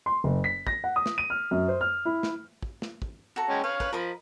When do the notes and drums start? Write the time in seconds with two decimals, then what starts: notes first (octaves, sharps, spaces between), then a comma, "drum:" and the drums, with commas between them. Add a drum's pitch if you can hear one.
0.06 C6
0.24 F#1
0.44 B6
0.67 A#6, drum: kick
0.84 F#5
0.96 D#6
1.06 drum: snare
1.18 D#7
1.30 F6
1.51 F#2
1.68 C5
1.81 F6
2.05 E4
2.23 drum: snare
2.62 drum: kick
2.82 drum: snare
3.02 drum: kick
3.36 F#4 A4 A#5
3.49 G#3 C#4 G5
3.64 B4 C#5 F5 C#6
3.80 B4, drum: kick
3.93 F3 A#4 D#5 B5